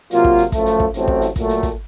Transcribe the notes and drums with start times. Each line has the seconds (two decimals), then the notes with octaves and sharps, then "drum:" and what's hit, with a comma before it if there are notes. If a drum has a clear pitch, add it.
0.11 C3 F#3 A#3 F4, drum: hi-hat
0.24 drum: kick
0.38 drum: hi-hat
0.52 F#2 F3 A3, drum: kick, hi-hat
0.66 drum: hi-hat
0.80 drum: kick
0.94 A1 A2 F#3 A3 C4, drum: hi-hat
1.08 drum: kick
1.21 drum: hi-hat
1.36 A#2 F#3 A3, drum: kick, hi-hat
1.49 drum: hi-hat
1.63 drum: kick, hi-hat